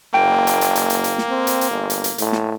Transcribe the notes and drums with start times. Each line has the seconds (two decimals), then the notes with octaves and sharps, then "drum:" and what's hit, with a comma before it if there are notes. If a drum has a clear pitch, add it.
0.14 F#1 A#3 G5
0.47 drum: hi-hat
0.61 drum: hi-hat
0.75 drum: hi-hat
0.90 drum: hi-hat
1.04 drum: hi-hat
1.18 drum: snare
1.29 C4
1.47 drum: hi-hat
1.61 drum: hi-hat
1.71 G1
1.90 drum: hi-hat
2.04 drum: hi-hat
2.18 A2, drum: hi-hat
2.33 drum: snare